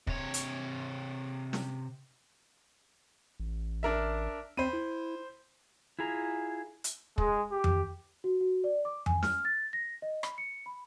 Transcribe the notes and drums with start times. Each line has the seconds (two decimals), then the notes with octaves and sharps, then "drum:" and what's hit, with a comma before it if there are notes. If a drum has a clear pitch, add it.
0.07 C3 C#5, drum: kick
0.34 drum: hi-hat
1.53 drum: snare
3.40 A1
3.83 D4 A#4 E5
4.57 C4 C5 B5 D#7
4.73 E4
5.99 E4 F4 G#4 A#5
6.84 drum: hi-hat
7.18 G#3, drum: kick
7.52 G4
7.64 drum: tom F2
8.24 F#4
8.41 F#4
8.64 D5
8.85 D6
9.06 G#5, drum: tom F2
9.23 F6, drum: snare
9.45 A6
9.73 A#6
10.02 D#5
10.23 B5, drum: rim click
10.38 C#7
10.66 B5